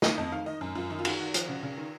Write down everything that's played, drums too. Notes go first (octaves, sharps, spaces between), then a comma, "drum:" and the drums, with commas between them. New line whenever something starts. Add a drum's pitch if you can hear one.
D#3 D#5, drum: snare
F2 D#5
D#3 F5
D#3 D#5
F#2
F#2 F4
D#3 D#4
F4
D#3 F#4, drum: cymbal
D#3 F#4
F3, drum: hi-hat
C#3
C#3
D#3